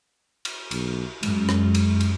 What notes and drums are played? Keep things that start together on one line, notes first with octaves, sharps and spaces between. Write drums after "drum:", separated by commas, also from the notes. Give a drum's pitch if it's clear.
drum: cymbal
B1, drum: cymbal
F#2 G#3, drum: cymbal
drum: rim click
drum: cymbal
drum: cymbal